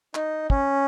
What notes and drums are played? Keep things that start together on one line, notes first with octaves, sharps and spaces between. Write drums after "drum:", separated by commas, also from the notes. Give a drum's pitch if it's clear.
D#4, drum: clap
C#4, drum: kick